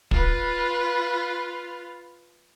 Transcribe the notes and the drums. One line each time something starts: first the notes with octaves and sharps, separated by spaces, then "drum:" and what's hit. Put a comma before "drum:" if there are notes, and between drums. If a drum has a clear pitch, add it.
F4 B4, drum: kick